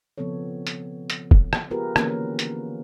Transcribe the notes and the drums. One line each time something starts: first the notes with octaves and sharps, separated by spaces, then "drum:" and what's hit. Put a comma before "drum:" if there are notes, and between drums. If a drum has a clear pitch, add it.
C#3 F3 B3 C4 A4 C#5
drum: hi-hat
drum: hi-hat
drum: kick
drum: rim click
B3 F4 G4 G#4 A#4 B4
D3 E3 A#3 B3 C#4, drum: rim click
drum: hi-hat